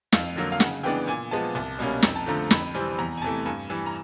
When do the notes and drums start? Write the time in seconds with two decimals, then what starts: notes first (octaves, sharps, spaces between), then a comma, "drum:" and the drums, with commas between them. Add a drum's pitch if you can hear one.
0.12 F2 F5, drum: snare
0.36 D3 F#3 A#3
0.52 F5
0.60 C#3 F#5, drum: snare
0.83 E3 G#3 B3 D4 G5
1.07 A#2 G#5
1.31 F3 G#3 B3 A5
1.55 C2 A5
1.79 B2 G3 A#3 C#4
2.02 F2 A#5, drum: snare
2.16 A5
2.26 D3 F3 A3 A#5
2.51 F2 B5, drum: snare
2.75 C3 E3 G3 C4
2.98 E2 A#5
3.18 G#5
3.22 C3 E3 A3 A5
3.46 G2 G#5
3.70 E3 G3
3.86 A#5